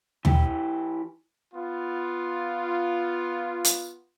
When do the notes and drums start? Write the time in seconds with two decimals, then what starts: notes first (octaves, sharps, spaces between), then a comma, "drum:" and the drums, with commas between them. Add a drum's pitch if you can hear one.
0.25 E3 E4 G4, drum: tom D#2
1.54 B3 F4
3.65 drum: hi-hat